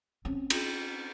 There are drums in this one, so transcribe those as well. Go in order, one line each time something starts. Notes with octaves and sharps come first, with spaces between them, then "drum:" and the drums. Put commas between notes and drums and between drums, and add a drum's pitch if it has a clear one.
C4 C#4
drum: cymbal